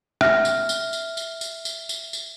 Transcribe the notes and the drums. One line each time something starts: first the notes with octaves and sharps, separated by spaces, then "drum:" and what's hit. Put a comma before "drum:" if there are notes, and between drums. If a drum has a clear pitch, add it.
E5 F6 A#6, drum: rim click
drum: tambourine
drum: tambourine
drum: tambourine
drum: tambourine
drum: tambourine
drum: tambourine
drum: tambourine
drum: tambourine